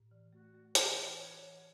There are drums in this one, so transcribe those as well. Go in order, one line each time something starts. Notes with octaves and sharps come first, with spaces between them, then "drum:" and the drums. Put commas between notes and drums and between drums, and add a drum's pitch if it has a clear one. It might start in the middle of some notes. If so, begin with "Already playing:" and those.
Already playing: A2
E3
A3 F#4
A3
E3 B4, drum: hi-hat
E3
E3 C#5 F#5
E3